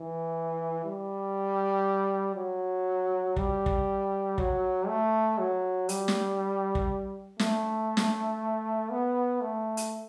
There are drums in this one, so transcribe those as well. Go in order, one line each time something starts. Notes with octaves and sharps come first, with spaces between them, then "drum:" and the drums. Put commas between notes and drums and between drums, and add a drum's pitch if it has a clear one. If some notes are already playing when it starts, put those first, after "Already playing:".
Already playing: E3
G3
F#3
G3, drum: kick
drum: kick
F#3, drum: kick
A3
F#3
G3, drum: hi-hat
drum: snare
drum: kick
A3, drum: snare
drum: snare
B3
A3
drum: hi-hat